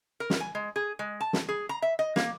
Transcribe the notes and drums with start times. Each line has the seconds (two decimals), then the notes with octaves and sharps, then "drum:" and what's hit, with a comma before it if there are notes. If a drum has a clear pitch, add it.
0.20 A#4
0.30 drum: snare
0.40 G#5
0.55 G#3
0.76 G#4
0.99 G#3
1.21 A5
1.33 drum: snare
1.49 G#4
1.69 A#5
1.82 E5
1.99 D#5
2.16 A#3, drum: snare